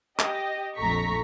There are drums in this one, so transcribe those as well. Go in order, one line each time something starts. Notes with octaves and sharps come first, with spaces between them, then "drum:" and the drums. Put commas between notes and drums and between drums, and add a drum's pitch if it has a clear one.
G4 D#5, drum: clap
A#1 F2 A3 A#5 C#6 B6